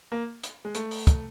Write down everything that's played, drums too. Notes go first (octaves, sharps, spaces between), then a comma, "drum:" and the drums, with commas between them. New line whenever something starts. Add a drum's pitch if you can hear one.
A#3
drum: hi-hat
G#3
A3, drum: hi-hat
drum: open hi-hat
drum: kick, hi-hat